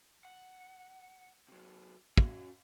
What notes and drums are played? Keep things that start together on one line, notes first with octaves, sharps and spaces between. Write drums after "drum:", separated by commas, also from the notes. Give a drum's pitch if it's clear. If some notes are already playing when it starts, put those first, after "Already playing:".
F#5
C3 F#3
C#4 F#4, drum: kick